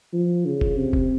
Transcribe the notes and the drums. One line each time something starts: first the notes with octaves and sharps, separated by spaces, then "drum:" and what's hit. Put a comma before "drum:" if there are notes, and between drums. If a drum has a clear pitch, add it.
F3
C#3
drum: kick F1
C3
drum: kick F1